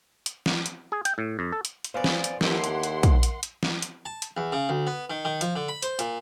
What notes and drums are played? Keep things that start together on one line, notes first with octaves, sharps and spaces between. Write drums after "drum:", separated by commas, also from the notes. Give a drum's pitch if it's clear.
drum: hi-hat
drum: snare
drum: hi-hat
G#4
G5, drum: hi-hat
A2
F2
A4
drum: hi-hat
drum: hi-hat
B3 C5 D5 F5 G#5
drum: snare
drum: hi-hat
D#2 E4 G4 A4 A#4 E5 F#5 C6, drum: snare
drum: hi-hat
drum: hi-hat
drum: kick, hi-hat
drum: hi-hat
drum: hi-hat
drum: snare
drum: hi-hat
A5
drum: hi-hat
E2
C#3
D2
B3
D#3
D#3
F3, drum: hi-hat
D3
B5
C5, drum: hi-hat
A#2, drum: hi-hat